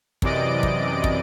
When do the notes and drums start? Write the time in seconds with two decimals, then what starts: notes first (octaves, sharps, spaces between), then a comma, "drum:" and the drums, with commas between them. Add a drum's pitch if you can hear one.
0.22 F#2 C3 E3 D5 D#5 D7, drum: kick
0.63 drum: kick
1.04 drum: kick